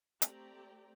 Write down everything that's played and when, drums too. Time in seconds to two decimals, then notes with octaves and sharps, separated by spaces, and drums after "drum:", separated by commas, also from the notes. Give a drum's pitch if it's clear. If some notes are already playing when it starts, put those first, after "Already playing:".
0.22 A3 C4 G4 D5 G5 A#5, drum: hi-hat